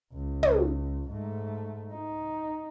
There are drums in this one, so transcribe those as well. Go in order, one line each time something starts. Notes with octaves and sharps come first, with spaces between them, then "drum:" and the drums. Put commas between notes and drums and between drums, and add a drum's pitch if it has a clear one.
C#2
drum: tom
G#2 A3
D#4